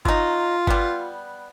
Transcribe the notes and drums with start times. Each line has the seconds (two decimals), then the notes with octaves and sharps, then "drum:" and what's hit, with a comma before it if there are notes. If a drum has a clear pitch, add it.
0.05 F#3 D#4 F4, drum: kick G1
0.67 G3 B3, drum: kick G1